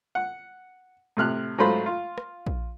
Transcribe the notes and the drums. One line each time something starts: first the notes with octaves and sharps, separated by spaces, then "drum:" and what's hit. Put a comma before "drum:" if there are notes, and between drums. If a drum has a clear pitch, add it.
F#5
A2 C3 F6 F#6
G#2 F#3 A3 F4 C5 B5
F4
drum: rim click
drum: kick A#1